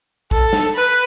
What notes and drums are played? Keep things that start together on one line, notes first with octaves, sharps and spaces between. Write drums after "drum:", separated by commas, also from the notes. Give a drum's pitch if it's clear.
A4, drum: kick
drum: snare
B4